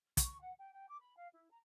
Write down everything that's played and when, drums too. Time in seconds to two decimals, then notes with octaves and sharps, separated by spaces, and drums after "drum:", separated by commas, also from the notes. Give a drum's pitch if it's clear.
0.17 C#6, drum: kick, hi-hat
0.40 F#5
0.59 G5
0.72 G5
0.88 D6
1.00 B5
1.16 F5
1.33 E4
1.50 A#5